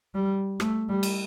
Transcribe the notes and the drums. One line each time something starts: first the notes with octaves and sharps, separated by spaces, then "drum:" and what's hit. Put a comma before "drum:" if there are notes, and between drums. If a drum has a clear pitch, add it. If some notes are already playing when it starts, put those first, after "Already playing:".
G3
A3, drum: rim click
G3
drum: cymbal